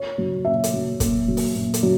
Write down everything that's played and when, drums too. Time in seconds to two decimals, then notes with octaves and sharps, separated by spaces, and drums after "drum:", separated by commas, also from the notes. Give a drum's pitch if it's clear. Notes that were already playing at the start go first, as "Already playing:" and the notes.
Already playing: C#5
0.18 F#3
0.45 A#2 E5
0.64 drum: hi-hat
0.73 F#3
1.00 A#2, drum: kick, hi-hat
1.28 F#3
1.37 drum: open hi-hat
1.55 A#2
1.74 drum: hi-hat
1.83 F#3